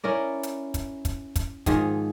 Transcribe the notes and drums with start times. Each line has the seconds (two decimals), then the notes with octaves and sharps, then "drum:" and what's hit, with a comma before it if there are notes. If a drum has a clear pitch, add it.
0.04 C#4 E4 A#4 D5
0.43 drum: hi-hat
0.74 drum: kick, hi-hat
1.05 drum: kick, hi-hat
1.36 drum: kick, hi-hat
1.66 G#2 D#3 F3 G#4, drum: kick, hi-hat